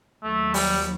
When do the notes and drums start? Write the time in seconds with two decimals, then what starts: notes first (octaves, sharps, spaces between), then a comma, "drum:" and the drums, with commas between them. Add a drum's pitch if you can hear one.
0.24 D#2 D#3 F#3 A3
0.54 G3, drum: open hi-hat